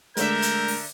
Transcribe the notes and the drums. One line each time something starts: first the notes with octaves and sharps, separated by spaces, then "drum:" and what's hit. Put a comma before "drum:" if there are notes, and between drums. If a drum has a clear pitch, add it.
D3 G#3 A3 D4 A#4 C5 E5 G6, drum: hi-hat
drum: hi-hat
drum: open hi-hat